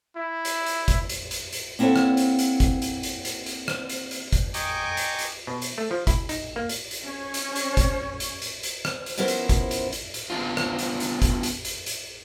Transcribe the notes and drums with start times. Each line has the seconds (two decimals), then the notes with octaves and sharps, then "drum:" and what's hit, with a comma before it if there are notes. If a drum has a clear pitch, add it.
0.16 E4
0.45 drum: hi-hat
0.66 drum: hi-hat
0.88 drum: kick, hi-hat
1.09 drum: hi-hat
1.31 drum: hi-hat
1.53 drum: hi-hat
1.79 A#3 C4 E4 A4 C#5 F#5
1.96 drum: rim click
2.17 drum: hi-hat
2.39 drum: hi-hat
2.60 drum: kick, hi-hat
2.82 drum: hi-hat
3.03 drum: hi-hat
3.25 drum: hi-hat
3.46 drum: hi-hat
3.68 drum: rim click
3.89 drum: hi-hat
4.11 drum: hi-hat
4.33 drum: kick, hi-hat
4.54 D#5 G5 G#5 A#5 C#6 D6, drum: hi-hat
4.97 drum: hi-hat
5.19 drum: hi-hat
5.47 B2
5.62 drum: hi-hat
5.78 A3
5.91 F3
6.07 E4, drum: kick, hi-hat
6.29 D#4, drum: hi-hat
6.56 A#3
6.69 drum: hi-hat
6.91 drum: hi-hat
7.04 C#4 C#5
7.34 drum: hi-hat
7.56 drum: hi-hat
7.77 drum: kick, hi-hat
8.20 drum: hi-hat
8.42 drum: hi-hat
8.63 drum: hi-hat
8.85 drum: rim click
9.06 drum: hi-hat
9.17 F3 B3 C#4 E4 A#4 C5
9.28 drum: hi-hat
9.49 drum: kick, hi-hat
9.71 drum: hi-hat
9.92 drum: hi-hat
10.14 drum: hi-hat
10.30 B3 C#4 D4 F4
10.57 drum: rim click
10.79 drum: hi-hat
11.00 drum: hi-hat
11.22 drum: kick, hi-hat
11.43 drum: hi-hat
11.65 drum: hi-hat
11.86 drum: hi-hat